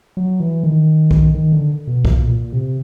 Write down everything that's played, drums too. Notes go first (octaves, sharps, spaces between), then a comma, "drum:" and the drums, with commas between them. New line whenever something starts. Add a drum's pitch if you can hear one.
F#3
E3
D#3
drum: kick B1
D#3
D3
B2
A#2, drum: kick B1
A#2
C3